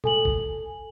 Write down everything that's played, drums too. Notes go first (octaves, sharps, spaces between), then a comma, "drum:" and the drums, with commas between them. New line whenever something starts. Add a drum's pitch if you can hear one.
A4 G#5 F#7, drum: tom A#2
drum: kick